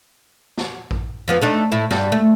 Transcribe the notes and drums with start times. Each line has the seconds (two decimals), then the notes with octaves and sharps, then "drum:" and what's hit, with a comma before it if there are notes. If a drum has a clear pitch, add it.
0.58 drum: snare
0.91 drum: kick A1
1.28 F2 F3 B3
1.41 A3 D4 D#4
1.72 A2 E4
1.91 G2 G3, drum: snare
2.12 A3